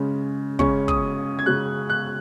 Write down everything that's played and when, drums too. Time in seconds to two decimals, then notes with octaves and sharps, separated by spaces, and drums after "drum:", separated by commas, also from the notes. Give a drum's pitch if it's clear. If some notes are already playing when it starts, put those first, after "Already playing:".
Already playing: C#3 G#3 C#4
0.59 C#3 G#3 C#4 C#6, drum: kick
0.88 D#6, drum: kick
1.39 G#6
1.46 C#3 G#3 C#4 F#6
1.90 F#6